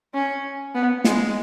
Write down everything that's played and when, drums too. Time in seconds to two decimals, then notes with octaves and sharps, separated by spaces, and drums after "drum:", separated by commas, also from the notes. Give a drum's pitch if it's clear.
0.14 C#4
0.75 B3
1.04 G#3, drum: snare